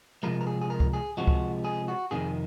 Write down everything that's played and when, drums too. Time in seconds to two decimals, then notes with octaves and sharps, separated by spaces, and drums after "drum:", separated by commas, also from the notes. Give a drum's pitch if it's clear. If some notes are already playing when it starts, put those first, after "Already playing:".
0.23 C3 F3 G#3 A#4
0.41 A#4
0.47 G#4
0.62 G#4
0.70 A#4
0.80 drum: kick C#2
0.93 G#4
1.17 C3 F3 G#3 F#4
1.27 drum: kick C#2
1.65 G#4
1.88 F#4
2.11 F2 C3 D#3 G#4